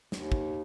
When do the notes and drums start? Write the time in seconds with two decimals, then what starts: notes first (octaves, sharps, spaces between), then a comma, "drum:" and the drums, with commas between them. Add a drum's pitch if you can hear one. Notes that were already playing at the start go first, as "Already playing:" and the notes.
0.12 D#2, drum: snare
0.32 drum: kick